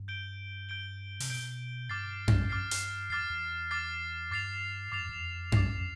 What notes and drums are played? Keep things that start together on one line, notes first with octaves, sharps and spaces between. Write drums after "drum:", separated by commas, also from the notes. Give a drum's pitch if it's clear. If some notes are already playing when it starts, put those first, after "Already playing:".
Already playing: G2
G6 D7 G7
G6 D7 G7
C3, drum: open hi-hat
B2 G6 D7 G7
G2 D6 F6 A6 C7
drum: tom F#2
G2 D6 F6 A6 C7
drum: hi-hat
E2 D6 F6 A6 C7
E2
D6 F6 A6 C7
G2 D6 A6 C7 F7
G2 D6 A6 C7 F7
F2
E2
F2
D6 A6 C7 F7, drum: tom F#2